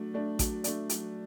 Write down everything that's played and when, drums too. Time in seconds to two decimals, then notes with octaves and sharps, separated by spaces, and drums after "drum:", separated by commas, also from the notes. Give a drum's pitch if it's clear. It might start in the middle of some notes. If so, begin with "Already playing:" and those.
Already playing: F#3 A3 D4
0.14 A3 D4
0.39 F#3, drum: kick A1, hi-hat
0.64 A3 D4, drum: hi-hat
0.89 F#3, drum: hi-hat